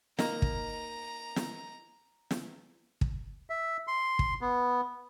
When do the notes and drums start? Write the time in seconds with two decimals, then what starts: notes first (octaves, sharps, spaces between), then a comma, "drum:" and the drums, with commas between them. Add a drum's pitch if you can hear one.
0.19 A#3 D#4 A#5, drum: snare
0.42 drum: kick
1.36 drum: snare
2.31 drum: snare
3.01 drum: kick
3.50 E5
3.87 C6
4.19 drum: kick
4.41 B3